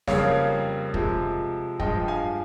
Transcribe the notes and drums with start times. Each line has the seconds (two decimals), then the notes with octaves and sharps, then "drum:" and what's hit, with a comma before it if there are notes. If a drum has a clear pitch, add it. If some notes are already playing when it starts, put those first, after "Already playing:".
0.07 F2 C#3 G3 A#3 C#5 F5, drum: snare
0.94 C3 F3 G#3, drum: kick
1.80 G2 F3 G#3 D#5 G5, drum: kick
2.08 F5 G#5